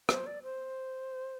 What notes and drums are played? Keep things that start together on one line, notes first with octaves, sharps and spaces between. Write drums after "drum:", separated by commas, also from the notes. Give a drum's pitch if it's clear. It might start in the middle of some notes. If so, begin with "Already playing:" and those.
C5, drum: rim click
D5
C5